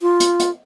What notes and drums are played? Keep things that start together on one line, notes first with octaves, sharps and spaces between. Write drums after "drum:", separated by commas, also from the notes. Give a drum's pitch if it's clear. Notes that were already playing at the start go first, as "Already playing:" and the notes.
F4
drum: hi-hat
drum: hi-hat